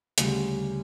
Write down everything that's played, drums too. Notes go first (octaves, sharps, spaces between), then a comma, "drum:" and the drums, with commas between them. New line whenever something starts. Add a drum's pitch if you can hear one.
D2 C#3 G3, drum: hi-hat